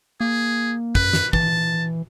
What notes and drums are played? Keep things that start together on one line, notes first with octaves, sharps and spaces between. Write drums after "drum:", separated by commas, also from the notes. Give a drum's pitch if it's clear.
A#3 G#4
F#2 B4, drum: kick
drum: snare
E3 A5, drum: kick